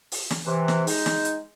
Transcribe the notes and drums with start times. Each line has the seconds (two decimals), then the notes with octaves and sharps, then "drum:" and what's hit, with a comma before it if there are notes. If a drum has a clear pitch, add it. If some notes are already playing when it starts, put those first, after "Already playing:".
0.12 drum: open hi-hat
0.30 drum: snare
0.45 C3 E3
0.68 drum: snare
0.87 G#3 D#4, drum: open hi-hat
1.06 drum: snare
1.25 drum: hi-hat